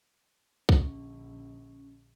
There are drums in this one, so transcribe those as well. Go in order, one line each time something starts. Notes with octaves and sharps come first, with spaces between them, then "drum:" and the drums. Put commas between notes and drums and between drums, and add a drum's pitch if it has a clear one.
A#1 D3 C#4, drum: kick C2